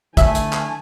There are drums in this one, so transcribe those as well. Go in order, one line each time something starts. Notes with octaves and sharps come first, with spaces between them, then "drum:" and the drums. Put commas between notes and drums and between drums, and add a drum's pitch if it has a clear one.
D3 A3 E5 G#5 A5, drum: kick, hi-hat
drum: hi-hat
drum: clap